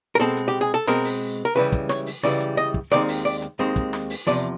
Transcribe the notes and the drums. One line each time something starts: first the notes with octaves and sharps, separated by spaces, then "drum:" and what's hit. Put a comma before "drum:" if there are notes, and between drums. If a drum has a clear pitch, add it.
A#4
B2 G#3 C4 A4
drum: hi-hat
G4
G#4
A4
B2 G#3 C4 A#4, drum: snare
drum: open hi-hat
A#4
C#2 C#3 E3 G3 B4
drum: kick, hi-hat
C#5, drum: snare
drum: open hi-hat
C#2 C#3 E3 G3 D5
drum: hi-hat
D#5
drum: kick
D#2 D#3 G#3 C4 D5, drum: snare
drum: open hi-hat
D5
drum: hi-hat
D#2 D#3 G#3 C4
drum: kick, hi-hat
drum: snare
drum: open hi-hat
E2 C3 F3 D5